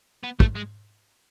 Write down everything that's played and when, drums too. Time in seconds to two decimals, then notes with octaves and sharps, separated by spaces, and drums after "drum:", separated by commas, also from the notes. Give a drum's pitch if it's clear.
0.24 B3
0.40 A3, drum: kick
0.56 G#3